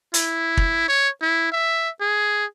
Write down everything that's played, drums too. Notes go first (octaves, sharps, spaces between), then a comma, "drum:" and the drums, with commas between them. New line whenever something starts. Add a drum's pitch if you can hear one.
E4, drum: hi-hat
drum: kick
C#5
E4
E5
G#4